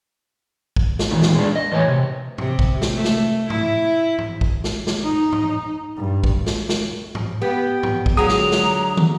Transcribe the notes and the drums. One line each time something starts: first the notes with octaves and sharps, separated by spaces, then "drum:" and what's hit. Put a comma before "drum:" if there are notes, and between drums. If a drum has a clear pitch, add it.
drum: kick
drum: snare
E2 A#2 D#3
drum: snare
G#3 D4
D#5
E2 A2 B4 C#5 G#5
C3
C3, drum: tom G#2
drum: kick
drum: snare
A3
drum: snare
E4, drum: tom G#2
drum: tom G#2
drum: kick
drum: snare
drum: snare
D#4
drum: tom G#2
G2
drum: kick
drum: snare
drum: snare
drum: tom G#2
B3 G4
drum: tom G#2
drum: kick
D3 F#3 F#4 G#4 A#5 D#6
drum: snare
drum: snare
drum: tom